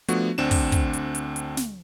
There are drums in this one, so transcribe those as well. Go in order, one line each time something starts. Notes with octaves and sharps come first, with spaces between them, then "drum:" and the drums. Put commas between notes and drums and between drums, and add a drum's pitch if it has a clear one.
F3 A3 B3 D4 F#4, drum: hi-hat
D2 C4 D4 E7
drum: kick, open hi-hat
drum: kick, hi-hat
drum: hi-hat
drum: hi-hat
drum: hi-hat
drum: snare